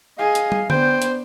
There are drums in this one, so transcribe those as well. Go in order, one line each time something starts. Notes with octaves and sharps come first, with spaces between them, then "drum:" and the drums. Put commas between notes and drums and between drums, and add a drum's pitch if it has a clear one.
G#4 D#5 F5
drum: hi-hat
drum: tom
B3 D4 C5 G5, drum: tom D3
drum: hi-hat